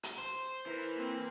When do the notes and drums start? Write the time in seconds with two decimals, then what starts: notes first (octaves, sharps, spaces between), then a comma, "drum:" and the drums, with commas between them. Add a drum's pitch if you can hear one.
0.03 drum: hi-hat
0.18 C5
0.67 E3 A#4 B4
0.96 A#3 C4